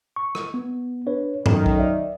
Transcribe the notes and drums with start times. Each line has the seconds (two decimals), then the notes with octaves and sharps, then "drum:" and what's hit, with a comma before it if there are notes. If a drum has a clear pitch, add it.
0.16 C#6
0.35 drum: rim click
0.54 B3
1.06 D4 B4 C#5
1.46 F#2 D#3 A4, drum: tom G2
1.66 drum: kick B1
1.78 D5 E5